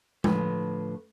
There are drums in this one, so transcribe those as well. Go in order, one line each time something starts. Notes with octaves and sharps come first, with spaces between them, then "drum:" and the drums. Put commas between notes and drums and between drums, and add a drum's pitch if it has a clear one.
A2 D3 F3 A3 B4, drum: tom G#3